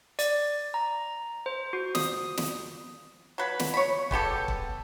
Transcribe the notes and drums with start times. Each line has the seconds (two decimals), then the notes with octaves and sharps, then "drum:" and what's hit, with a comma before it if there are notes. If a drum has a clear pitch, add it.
0.19 D5, drum: hi-hat
0.74 A#5
1.46 C5
1.73 F#4
1.95 D#6, drum: snare
2.37 drum: snare
3.38 F#3 B4
3.59 drum: snare
3.74 C#5 B5
4.11 G#3 B3 G4 A4, drum: kick
4.48 drum: kick